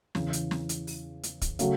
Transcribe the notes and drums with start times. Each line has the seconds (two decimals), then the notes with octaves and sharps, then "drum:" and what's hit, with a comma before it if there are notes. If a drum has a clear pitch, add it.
0.15 E2 C#3 E3, drum: snare
0.33 drum: hi-hat
0.51 drum: snare
0.69 drum: hi-hat
0.87 drum: open hi-hat
1.23 drum: hi-hat
1.42 drum: kick, hi-hat
1.59 C#3 F#3 A3, drum: hi-hat